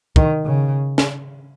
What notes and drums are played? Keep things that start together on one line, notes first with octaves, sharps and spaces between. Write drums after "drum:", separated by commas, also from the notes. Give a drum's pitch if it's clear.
D#3, drum: kick
C#3
drum: snare